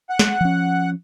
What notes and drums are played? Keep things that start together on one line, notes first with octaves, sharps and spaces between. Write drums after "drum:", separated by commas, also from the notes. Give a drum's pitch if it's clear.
F#5
drum: snare
F3 C#4